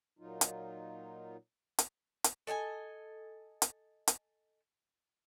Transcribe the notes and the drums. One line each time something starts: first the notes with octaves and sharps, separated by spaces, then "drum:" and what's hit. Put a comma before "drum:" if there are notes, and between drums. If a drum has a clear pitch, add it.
A#2 F#3 D#4 F4
drum: hi-hat
drum: hi-hat
drum: hi-hat
A4 D#5 G5 G#5
drum: hi-hat
drum: hi-hat